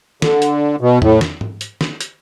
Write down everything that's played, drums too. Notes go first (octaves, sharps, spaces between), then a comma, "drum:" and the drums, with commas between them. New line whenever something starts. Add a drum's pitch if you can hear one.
D3, drum: snare
drum: hi-hat
B2
A2, drum: tom E2
drum: snare
drum: tom G#2
drum: hi-hat
drum: snare
drum: hi-hat